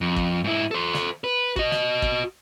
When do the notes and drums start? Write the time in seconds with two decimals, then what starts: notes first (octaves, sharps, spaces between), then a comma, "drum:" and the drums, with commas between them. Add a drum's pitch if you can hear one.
0.01 F2
0.16 drum: kick
0.44 G#2 E4
0.71 A4 C5
0.94 drum: snare
1.24 B4
1.56 F#4 D#5, drum: kick
1.71 drum: snare
2.02 drum: kick